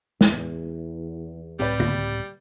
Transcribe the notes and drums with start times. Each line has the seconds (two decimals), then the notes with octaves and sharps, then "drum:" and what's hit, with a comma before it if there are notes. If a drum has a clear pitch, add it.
0.21 E2, drum: snare
1.59 C#2 A2 G3 C4 G4 B4 D5
1.80 drum: tom